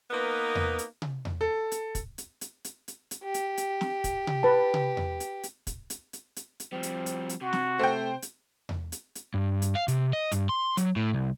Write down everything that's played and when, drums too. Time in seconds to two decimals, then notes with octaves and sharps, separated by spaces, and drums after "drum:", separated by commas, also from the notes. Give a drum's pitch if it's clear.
0.11 A#3 B3 D#4 A#4 B4
0.55 drum: tom E2
0.79 drum: hi-hat
1.02 drum: tom C3
1.25 drum: tom E2
1.41 A4
1.72 drum: hi-hat
1.95 drum: kick, hi-hat
2.18 drum: hi-hat
2.41 drum: hi-hat
2.65 drum: hi-hat
2.88 drum: hi-hat
3.11 drum: hi-hat
3.24 G4
3.34 drum: hi-hat
3.57 drum: hi-hat
3.81 drum: snare
4.04 drum: kick, hi-hat
4.27 drum: tom C3
4.43 B4 A5
4.74 drum: tom C3
4.97 drum: tom E2
5.20 drum: hi-hat
5.43 drum: hi-hat
5.67 drum: kick, hi-hat
5.90 drum: hi-hat
6.13 drum: hi-hat
6.36 drum: hi-hat
6.60 drum: hi-hat
6.72 F3 G3 C4
6.83 drum: hi-hat
7.06 drum: hi-hat
7.29 drum: hi-hat
7.42 C3 F#4
7.53 drum: snare
7.79 A3 C5 G5
8.22 drum: hi-hat
8.69 drum: tom E2
8.92 drum: hi-hat
9.15 drum: hi-hat
9.34 G2
9.62 drum: hi-hat
9.75 F5
9.88 C3, drum: hi-hat
10.13 D#5
10.32 G2, drum: hi-hat
10.49 C6
10.77 F#3, drum: hi-hat
10.96 A2
11.13 C2